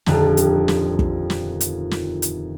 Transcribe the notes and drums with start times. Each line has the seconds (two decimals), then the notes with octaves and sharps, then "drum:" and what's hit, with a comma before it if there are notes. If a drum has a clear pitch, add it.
0.06 D#1 F2 D3 G3 D#4 F#6, drum: snare
0.37 drum: hi-hat
0.68 drum: snare
0.99 drum: kick
1.30 drum: snare
1.61 drum: hi-hat
1.91 drum: snare
2.22 drum: hi-hat